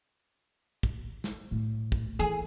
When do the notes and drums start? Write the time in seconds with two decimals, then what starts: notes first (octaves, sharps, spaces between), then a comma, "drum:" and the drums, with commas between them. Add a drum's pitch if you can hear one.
0.83 drum: kick
1.24 drum: snare
1.51 A2
1.92 drum: kick
2.19 E3 G#4